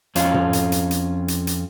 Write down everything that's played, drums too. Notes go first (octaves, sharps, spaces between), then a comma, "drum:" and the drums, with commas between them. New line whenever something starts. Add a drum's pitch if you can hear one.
F2 C#4 F4, drum: hi-hat
drum: tom
drum: hi-hat
drum: hi-hat
drum: hi-hat
drum: hi-hat
drum: hi-hat